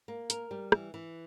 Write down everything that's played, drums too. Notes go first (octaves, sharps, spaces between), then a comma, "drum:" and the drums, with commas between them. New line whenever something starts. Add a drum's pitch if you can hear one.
A#3
A#4, drum: hi-hat
G3
E3, drum: rim click
E3